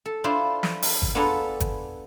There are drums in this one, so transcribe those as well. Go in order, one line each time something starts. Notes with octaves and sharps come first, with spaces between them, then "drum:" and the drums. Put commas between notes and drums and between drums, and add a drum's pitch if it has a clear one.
A4
D4 E4 F4 C5
drum: snare
drum: open hi-hat
drum: kick
B3 D4 F4 G#4 A4 A#5
drum: kick, hi-hat